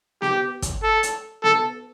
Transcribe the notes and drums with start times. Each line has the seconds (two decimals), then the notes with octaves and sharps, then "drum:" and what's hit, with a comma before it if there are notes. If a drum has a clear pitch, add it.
0.22 G4, drum: snare B3
0.62 drum: kick, hi-hat
0.83 A4
1.03 drum: hi-hat
1.44 A4, drum: snare B3